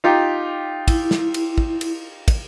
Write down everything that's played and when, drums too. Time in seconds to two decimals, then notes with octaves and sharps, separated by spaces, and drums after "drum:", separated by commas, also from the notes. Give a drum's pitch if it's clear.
0.04 D#4 F4 G4
0.88 E4, drum: kick, cymbal
1.11 drum: snare
1.34 drum: cymbal
1.58 drum: kick
1.81 drum: cymbal
2.28 drum: kick, cymbal